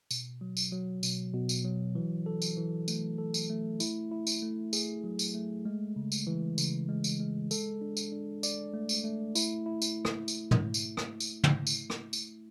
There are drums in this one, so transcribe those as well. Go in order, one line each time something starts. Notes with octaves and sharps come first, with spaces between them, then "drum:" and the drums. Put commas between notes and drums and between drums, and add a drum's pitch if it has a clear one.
B2, drum: tambourine
F#3
drum: tambourine
F#3
B2, drum: tambourine
B2
drum: tambourine
F#3
E3
A4
drum: tambourine
E3
A3, drum: tambourine
A4
drum: tambourine
A3
E4, drum: tambourine
E4
drum: tambourine
A3
G#4, drum: tambourine
F#3
drum: tambourine
A3
G#3
C#3
drum: tambourine
E3
C#3, drum: tambourine
G#3
drum: tambourine
G#3
A4, drum: tambourine
D4
drum: tambourine
D4
D5, drum: tambourine
A3
drum: tambourine
A3
E4, drum: tambourine
E4
drum: tambourine
drum: rim click
drum: tambourine
drum: tom
drum: tambourine
drum: rim click
drum: tambourine
drum: tom
drum: tambourine
drum: rim click
drum: tambourine